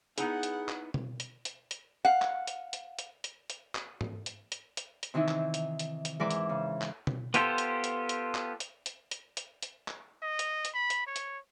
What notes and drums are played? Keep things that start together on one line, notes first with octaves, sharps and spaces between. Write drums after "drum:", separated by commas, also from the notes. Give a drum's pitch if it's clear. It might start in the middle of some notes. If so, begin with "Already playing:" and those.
B3 D#4 E4 G#4 F#5, drum: hi-hat
drum: hi-hat
drum: clap
drum: tom B2
drum: hi-hat
drum: hi-hat
drum: hi-hat
F5 F#5
drum: clap
drum: hi-hat
drum: hi-hat
drum: hi-hat
drum: hi-hat
drum: hi-hat
drum: clap
drum: tom G#2
drum: hi-hat
drum: hi-hat
drum: hi-hat
drum: hi-hat
C3 D#3 E3 D#4 E4
drum: clap
drum: hi-hat
drum: hi-hat
drum: hi-hat
G#2 E3 A#4 B4 D5 D6
drum: hi-hat
C#3
drum: clap
drum: tom B2
B3 F4 G4 A4 C5, drum: hi-hat
drum: hi-hat
drum: hi-hat
drum: hi-hat
drum: clap
drum: hi-hat
drum: hi-hat
drum: hi-hat
drum: hi-hat
drum: hi-hat
drum: clap
D#5
drum: hi-hat
drum: hi-hat
B5
drum: hi-hat
C#5
drum: hi-hat